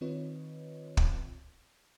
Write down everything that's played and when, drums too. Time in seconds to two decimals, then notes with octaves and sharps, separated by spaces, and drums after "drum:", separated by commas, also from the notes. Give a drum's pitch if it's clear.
0.01 D#3 C4 F4 B4 C#5 D#5
0.97 drum: kick